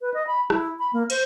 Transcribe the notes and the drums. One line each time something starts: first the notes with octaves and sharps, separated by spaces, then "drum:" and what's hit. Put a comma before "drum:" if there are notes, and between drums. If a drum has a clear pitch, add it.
B4
D#5
B5
E4, drum: rim click
B5
A#3
C5, drum: cymbal